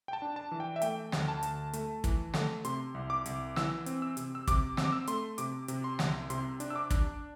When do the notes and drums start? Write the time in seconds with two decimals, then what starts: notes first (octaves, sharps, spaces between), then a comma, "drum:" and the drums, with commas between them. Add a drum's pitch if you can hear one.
0.08 G5
0.13 A5
0.22 D4
0.36 A5
0.52 E3
0.60 G5
0.76 E5
0.82 A3 G5, drum: hi-hat
1.12 D2, drum: snare
1.28 A5
1.43 D2, drum: hi-hat
1.73 A3, drum: hi-hat
2.04 E3, drum: kick, hi-hat
2.34 A3, drum: snare
2.65 C3 C6, drum: hi-hat
2.95 C2
3.10 D6
3.26 C2, drum: hi-hat
3.56 E3 E6, drum: snare
3.86 C4, drum: hi-hat
4.02 E6
4.17 C3, drum: hi-hat
4.35 E6
4.47 C3 D6, drum: kick, hi-hat
4.77 C4 E6, drum: snare
4.85 D6
4.92 E6
5.07 A3 C6, drum: hi-hat
5.38 C3 D6, drum: hi-hat
5.68 C3, drum: hi-hat
5.84 C6
5.99 C2, drum: snare
6.30 C3 C6, drum: hi-hat
6.60 D4, drum: hi-hat
6.70 E6
6.76 D6
6.90 D4, drum: kick, hi-hat